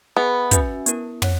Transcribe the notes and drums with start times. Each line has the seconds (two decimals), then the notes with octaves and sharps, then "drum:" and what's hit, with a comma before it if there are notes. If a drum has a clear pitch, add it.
0.16 B3 G#4 B4 E5 G#5
0.51 C#4 F#4 B4 E5 G#5, drum: kick, hi-hat
0.86 B3 E4 A#4, drum: hi-hat
1.22 C#5 F#5, drum: tom